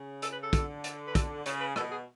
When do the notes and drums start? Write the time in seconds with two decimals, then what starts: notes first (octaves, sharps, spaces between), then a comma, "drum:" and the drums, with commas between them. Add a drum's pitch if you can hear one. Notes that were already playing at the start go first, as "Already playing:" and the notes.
Already playing: C#3
0.22 A4, drum: hi-hat
0.32 B4
0.43 A4
0.53 D3, drum: kick, hi-hat
0.84 drum: hi-hat
1.07 B4
1.15 A4, drum: kick, hi-hat
1.46 C#3 C#5, drum: hi-hat
1.60 B4
1.76 B2 A4, drum: rim click
1.91 G#4